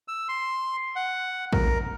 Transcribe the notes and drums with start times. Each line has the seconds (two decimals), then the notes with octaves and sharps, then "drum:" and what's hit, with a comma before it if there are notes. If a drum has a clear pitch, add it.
0.08 E6
0.28 C6
0.96 F#5
1.53 A#4, drum: kick